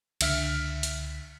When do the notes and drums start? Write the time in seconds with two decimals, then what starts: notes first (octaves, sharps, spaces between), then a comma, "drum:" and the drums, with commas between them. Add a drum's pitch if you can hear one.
0.21 C#2 D3 E5 F6 B6, drum: cymbal
0.83 drum: hi-hat